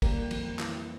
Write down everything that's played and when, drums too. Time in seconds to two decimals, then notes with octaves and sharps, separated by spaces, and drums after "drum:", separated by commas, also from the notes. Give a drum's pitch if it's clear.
0.02 G3 A#3, drum: kick, cymbal
0.31 F2, drum: cymbal
0.59 E3, drum: clap